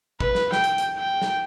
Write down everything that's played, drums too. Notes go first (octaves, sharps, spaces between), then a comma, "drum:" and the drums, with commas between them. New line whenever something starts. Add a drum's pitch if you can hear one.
B4, drum: kick
drum: snare
G5, drum: snare
drum: hi-hat
drum: hi-hat
G5
drum: snare